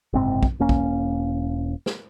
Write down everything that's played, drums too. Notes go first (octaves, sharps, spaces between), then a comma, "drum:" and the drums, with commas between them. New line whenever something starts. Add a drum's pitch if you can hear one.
F#1 G#2 C3 C4
drum: kick
E1 A#3 C#4
drum: kick
drum: snare